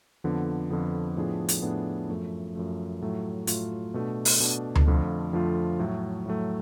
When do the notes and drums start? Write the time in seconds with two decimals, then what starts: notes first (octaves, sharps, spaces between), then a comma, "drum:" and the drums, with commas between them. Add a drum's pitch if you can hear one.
0.24 F2 D3 F3 B3
0.71 F2 D3 F3 B3
1.16 A2 F3 B3 D4 G#4
1.49 drum: hi-hat
1.62 A2 F3 B3 D4 G#4
2.09 F#2 F3 A3
2.55 F#2 F3 A3
3.02 A2 F#3 A3 F4
3.47 A2 F#3 A3 F4, drum: hi-hat
3.94 B2 A3 D4
4.25 drum: open hi-hat
4.40 B2 A3 D4
4.76 drum: tom D2
4.86 F2 D3 F3 A3 F4
5.33 F2 D3 F3 A3 F4
5.79 A2 F#3 A3
6.26 A2 F#3 A3